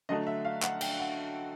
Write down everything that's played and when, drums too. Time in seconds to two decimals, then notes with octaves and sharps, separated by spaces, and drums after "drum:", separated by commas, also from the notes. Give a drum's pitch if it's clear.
0.09 D3 F#3 A3 D#5
0.27 E5
0.45 F5
0.62 F#5, drum: clap
0.81 G5, drum: cymbal
0.99 F#5